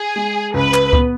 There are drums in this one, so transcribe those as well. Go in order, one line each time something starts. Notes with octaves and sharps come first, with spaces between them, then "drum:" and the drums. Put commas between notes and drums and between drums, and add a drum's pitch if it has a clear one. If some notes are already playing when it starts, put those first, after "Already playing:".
Already playing: G#4
G#3
C#2 B4
drum: clap
B3, drum: kick C#2